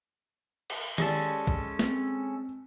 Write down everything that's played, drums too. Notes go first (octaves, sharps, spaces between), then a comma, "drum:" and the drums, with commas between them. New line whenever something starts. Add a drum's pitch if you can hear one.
drum: cymbal
G#3 C#4 G4 A4 D5, drum: tom D#3
drum: kick
C4, drum: snare